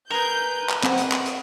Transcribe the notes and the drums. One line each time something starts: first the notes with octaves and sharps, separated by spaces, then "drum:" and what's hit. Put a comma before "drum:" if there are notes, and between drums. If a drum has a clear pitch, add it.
G#4 A#4 B4 G6
drum: clap
C4 F#5, drum: clap
drum: hi-hat
drum: clap
drum: hi-hat